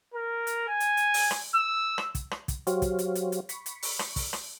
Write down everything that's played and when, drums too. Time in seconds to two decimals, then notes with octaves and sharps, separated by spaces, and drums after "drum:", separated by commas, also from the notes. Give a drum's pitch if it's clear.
0.14 A#4
0.47 drum: hi-hat
0.68 G#5
0.80 drum: hi-hat
0.97 drum: hi-hat
1.14 drum: open hi-hat
1.31 drum: rim click
1.55 E6
1.98 drum: rim click
2.15 drum: kick, hi-hat
2.31 drum: rim click
2.48 drum: kick, hi-hat
2.67 F#3 F#4 G4 C5 C#5 F5, drum: hi-hat
2.82 drum: kick, hi-hat
2.99 drum: hi-hat
3.15 drum: hi-hat
3.32 drum: hi-hat
3.49 B5 C#6, drum: hi-hat
3.66 drum: hi-hat
3.83 drum: open hi-hat
3.99 drum: rim click
4.16 drum: kick, open hi-hat
4.33 drum: rim click